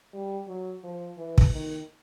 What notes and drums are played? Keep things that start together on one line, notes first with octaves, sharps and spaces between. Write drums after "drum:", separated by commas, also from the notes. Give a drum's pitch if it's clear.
G3
F#3
F3
E3
drum: kick
D#3